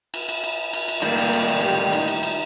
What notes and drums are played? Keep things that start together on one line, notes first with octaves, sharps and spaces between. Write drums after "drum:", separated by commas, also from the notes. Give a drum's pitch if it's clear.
drum: cymbal
drum: cymbal
drum: cymbal
drum: cymbal
drum: cymbal
A2 D#3 G3 A#3, drum: cymbal
drum: cymbal
drum: cymbal
drum: cymbal
G4, drum: cymbal
D#4, drum: cymbal
drum: cymbal
drum: cymbal